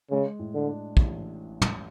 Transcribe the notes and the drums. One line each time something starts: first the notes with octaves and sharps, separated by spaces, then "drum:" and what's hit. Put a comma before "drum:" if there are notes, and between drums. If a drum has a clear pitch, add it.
C#3 G#3
A2
D3
D4
A1, drum: kick
drum: tom